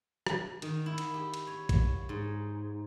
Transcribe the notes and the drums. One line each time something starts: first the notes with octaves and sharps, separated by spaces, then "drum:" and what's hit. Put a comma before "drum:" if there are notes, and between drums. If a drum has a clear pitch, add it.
drum: rim click
D#3, drum: cymbal
E4
drum: cymbal
G4
drum: cymbal
C#5
drum: kick, cymbal
G#2